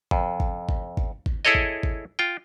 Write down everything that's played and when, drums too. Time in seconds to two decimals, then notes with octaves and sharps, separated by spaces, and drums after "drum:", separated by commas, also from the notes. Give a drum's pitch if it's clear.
0.11 F2, drum: kick
0.40 drum: kick
0.69 drum: kick
0.97 drum: kick
1.26 drum: kick
1.45 E4 G#4 A4 C#5 D#5
1.55 drum: kick
1.83 drum: kick
2.19 F4 G5